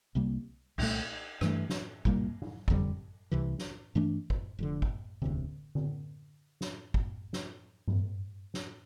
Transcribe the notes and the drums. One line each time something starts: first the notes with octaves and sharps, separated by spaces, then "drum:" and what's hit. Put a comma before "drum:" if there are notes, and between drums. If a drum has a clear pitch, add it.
C2 C3 G3 A#3
C2 A#2 A3, drum: cymbal
G2 E3 A3, drum: rim click
drum: snare
C2 A#2 G3 A#3, drum: kick G#1
drum: tom
F1 F2 D3 G3, drum: kick G#1
C2 C3 E3
drum: snare
G2 E3 A3 D4
drum: kick G#1
F1 F2 D3
drum: kick G#1
E1 D2 C3, drum: tom D3
drum: tom D3
drum: snare
drum: kick G#1
drum: snare
drum: tom G2
drum: snare